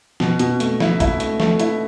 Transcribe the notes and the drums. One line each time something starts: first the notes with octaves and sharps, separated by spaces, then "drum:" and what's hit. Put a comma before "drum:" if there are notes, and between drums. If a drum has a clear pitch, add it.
B2, drum: snare
B2, drum: hi-hat
A3, drum: hi-hat
E4, drum: snare
E4, drum: kick B1, hi-hat
A3, drum: hi-hat
A3, drum: snare
E4, drum: hi-hat